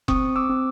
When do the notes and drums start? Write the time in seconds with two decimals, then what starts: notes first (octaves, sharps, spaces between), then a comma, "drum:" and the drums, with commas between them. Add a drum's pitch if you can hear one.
0.08 C4 C#6 D#6, drum: kick F1
0.36 D6 E6
0.49 C4